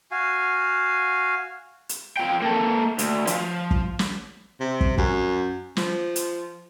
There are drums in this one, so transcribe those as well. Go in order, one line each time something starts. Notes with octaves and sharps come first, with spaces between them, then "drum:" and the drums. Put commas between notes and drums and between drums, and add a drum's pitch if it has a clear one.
F#4 F5 G#5
drum: hi-hat
F3 G5
A#3 A4
D2, drum: hi-hat
F3, drum: hi-hat
drum: kick
drum: snare
C3
drum: kick
F#2, drum: kick
F3, drum: snare
drum: hi-hat